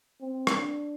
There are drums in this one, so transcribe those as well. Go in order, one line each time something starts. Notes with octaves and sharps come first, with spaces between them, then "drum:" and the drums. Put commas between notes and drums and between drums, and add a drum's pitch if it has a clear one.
C4
drum: rim click
D4